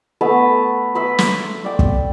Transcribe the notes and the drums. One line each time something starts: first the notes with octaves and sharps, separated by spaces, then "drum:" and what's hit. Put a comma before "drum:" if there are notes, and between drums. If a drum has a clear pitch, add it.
A3 B3 B4 A5
B4 E5 B5 C6
C6, drum: snare
D5 G5
drum: kick